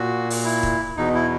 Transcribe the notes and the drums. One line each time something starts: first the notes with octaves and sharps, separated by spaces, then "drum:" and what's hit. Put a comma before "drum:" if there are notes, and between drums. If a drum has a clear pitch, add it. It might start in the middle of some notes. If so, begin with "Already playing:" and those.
Already playing: A#2 F#4
drum: open hi-hat
E4
drum: kick
E2 B2 D#4
E4